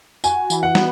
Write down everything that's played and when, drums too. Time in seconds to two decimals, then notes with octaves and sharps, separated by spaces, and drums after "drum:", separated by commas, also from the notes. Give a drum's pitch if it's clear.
0.24 F#4 G#5, drum: tambourine
0.50 E3, drum: tambourine
0.63 F#5
0.75 B3, drum: snare